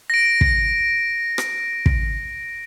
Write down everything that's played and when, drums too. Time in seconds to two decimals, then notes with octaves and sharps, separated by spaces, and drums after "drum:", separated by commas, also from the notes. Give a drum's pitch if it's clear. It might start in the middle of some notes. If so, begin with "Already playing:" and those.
0.10 A#6 D7
0.41 drum: kick
1.38 drum: rim click
1.86 drum: kick